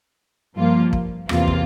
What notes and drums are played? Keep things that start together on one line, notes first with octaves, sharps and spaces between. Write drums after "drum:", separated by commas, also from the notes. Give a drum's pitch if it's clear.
G2 F3 A#3 F4
drum: kick
E2 C3 E3 A#3 F4, drum: rim click
drum: kick